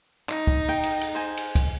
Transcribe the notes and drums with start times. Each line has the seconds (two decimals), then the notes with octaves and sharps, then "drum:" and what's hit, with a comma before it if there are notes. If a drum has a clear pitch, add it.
0.29 D#4, drum: clap
0.47 drum: kick
0.69 G5
0.83 drum: cymbal
1.01 drum: cymbal
1.15 C5 G#5
1.37 drum: cymbal
1.55 drum: kick, cymbal